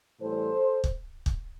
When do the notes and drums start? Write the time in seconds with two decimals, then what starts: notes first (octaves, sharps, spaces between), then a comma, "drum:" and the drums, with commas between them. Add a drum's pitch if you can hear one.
0.20 A2 E3 G3 A4 C5
0.84 drum: kick
1.26 drum: kick